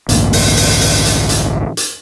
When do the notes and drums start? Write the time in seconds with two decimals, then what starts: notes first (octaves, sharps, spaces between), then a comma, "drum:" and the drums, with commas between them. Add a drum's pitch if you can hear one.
0.09 A1 D2 G2 A#3, drum: hi-hat
0.33 drum: open hi-hat
0.57 drum: open hi-hat
0.81 drum: open hi-hat
1.05 drum: hi-hat
1.29 drum: hi-hat
1.77 drum: hi-hat